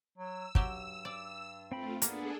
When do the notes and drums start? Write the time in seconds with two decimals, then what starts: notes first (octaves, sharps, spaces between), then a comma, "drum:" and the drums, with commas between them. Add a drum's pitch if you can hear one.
0.18 F#3 E6
0.55 G2 F#3 G4, drum: kick
1.05 D5
1.72 A3 C4 F4 G5 B5
2.02 A#3 B3 D4 G#4 A4, drum: hi-hat